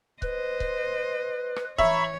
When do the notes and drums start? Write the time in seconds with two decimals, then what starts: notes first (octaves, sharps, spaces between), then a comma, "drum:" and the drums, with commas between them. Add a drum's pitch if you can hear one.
0.22 B4 C5 D#5, drum: kick C#1
0.60 drum: kick C#1
1.56 drum: rim click
1.78 E3 C#5 E5 A#5 B5 C#6, drum: kick C#1